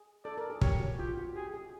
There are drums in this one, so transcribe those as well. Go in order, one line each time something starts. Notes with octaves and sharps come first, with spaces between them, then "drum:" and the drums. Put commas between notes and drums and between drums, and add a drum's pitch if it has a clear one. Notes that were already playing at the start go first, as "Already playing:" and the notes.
Already playing: G#4
A4 D5
A#4
G#4
G4 C#5, drum: kick
F#4
F4 G4
F#4
G4 G#4
G#4